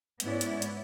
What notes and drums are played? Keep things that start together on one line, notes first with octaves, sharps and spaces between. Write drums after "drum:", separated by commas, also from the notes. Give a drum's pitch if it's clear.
G#2 B3 C#4 E4 D5, drum: hi-hat
drum: hi-hat
drum: hi-hat